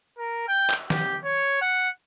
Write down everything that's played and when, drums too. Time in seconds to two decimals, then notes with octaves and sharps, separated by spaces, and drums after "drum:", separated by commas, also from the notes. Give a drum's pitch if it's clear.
0.18 A#4
0.48 G5
0.70 drum: clap
0.90 G4, drum: snare
1.24 C#5
1.61 F#5